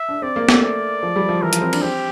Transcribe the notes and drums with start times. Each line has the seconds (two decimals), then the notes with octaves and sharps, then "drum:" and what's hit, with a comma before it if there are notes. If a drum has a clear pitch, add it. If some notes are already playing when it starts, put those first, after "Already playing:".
Already playing: E5
0.09 D4
0.22 C4 D5
0.36 A#3
0.49 A3, drum: snare
0.62 D5
1.03 F3
1.16 G3
1.29 F3
1.42 E3 A#4
1.53 F3, drum: hi-hat
1.62 C4
1.73 D4, drum: cymbal
1.82 C4 G4